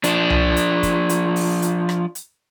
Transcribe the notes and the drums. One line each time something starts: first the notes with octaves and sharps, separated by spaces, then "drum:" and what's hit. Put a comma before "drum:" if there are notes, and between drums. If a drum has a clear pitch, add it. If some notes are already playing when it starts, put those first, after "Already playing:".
F3 D4, drum: hi-hat
drum: tom C2
drum: hi-hat
drum: kick, hi-hat
drum: hi-hat
drum: open hi-hat
drum: hi-hat
drum: rim click
drum: hi-hat